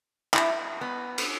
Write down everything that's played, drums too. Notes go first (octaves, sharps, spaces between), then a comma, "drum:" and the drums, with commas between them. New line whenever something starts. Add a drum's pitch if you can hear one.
E4, drum: clap
B3
drum: cymbal